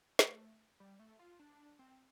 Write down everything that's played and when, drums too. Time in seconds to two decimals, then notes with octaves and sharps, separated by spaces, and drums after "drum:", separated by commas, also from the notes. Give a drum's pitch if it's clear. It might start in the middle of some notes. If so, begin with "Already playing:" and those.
0.19 A3, drum: snare
0.80 G3
0.99 A3
1.19 F4
1.39 D4
1.79 C4